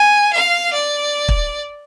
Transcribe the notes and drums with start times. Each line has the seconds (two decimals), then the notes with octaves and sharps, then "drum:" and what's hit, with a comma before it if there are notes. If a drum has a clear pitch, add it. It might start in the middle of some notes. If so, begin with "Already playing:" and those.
Already playing: G#5
0.33 F5
0.73 D5
1.28 drum: kick